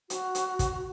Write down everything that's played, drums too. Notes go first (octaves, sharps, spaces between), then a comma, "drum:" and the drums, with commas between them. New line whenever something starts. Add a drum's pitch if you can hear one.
F#4, drum: hi-hat
drum: hi-hat
drum: kick, hi-hat